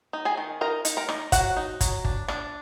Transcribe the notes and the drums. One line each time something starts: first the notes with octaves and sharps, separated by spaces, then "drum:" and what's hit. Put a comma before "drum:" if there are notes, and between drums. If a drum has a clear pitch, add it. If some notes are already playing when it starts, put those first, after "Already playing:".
D#4
G#4 G#5
D#3
D#4 A#4 A#5
D#4, drum: hi-hat
A#4 A#5
D#4, drum: rim click
F#3 F#4 F#5, drum: kick G1, hi-hat
D#4
F#3, drum: kick G1, hi-hat
D4, drum: kick G1
D4, drum: rim click